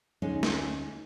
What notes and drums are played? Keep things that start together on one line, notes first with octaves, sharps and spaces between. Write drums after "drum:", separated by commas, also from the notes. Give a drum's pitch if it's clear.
D2 G#3 C#4 D#4 G#5
drum: snare